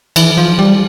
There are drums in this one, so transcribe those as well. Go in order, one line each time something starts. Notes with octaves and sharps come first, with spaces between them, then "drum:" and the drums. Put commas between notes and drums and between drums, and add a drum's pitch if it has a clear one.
E3, drum: cymbal
F3
G3